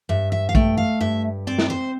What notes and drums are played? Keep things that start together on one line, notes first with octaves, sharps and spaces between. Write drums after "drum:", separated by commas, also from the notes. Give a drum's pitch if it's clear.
G2 E5
E5
F5
A3 G5, drum: kick A#1
F5
G2 E5
C4 D5
drum: snare
C5